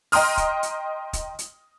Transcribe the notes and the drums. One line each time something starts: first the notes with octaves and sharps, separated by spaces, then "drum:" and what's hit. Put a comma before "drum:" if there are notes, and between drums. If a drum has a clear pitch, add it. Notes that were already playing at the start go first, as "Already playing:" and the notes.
D#5 G5 A#5 C6 D#6 F6, drum: open hi-hat
drum: kick, hi-hat
drum: hi-hat
drum: kick, hi-hat
drum: hi-hat